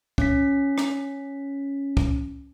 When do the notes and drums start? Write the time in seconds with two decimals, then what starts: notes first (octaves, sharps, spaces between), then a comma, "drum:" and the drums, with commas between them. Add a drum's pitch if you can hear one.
0.18 C#4 B6, drum: kick
0.78 drum: rim click
1.97 drum: kick